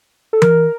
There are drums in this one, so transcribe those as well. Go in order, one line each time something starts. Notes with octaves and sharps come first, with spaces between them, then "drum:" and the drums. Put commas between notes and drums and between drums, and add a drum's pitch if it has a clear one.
A4
A#4, drum: tom E3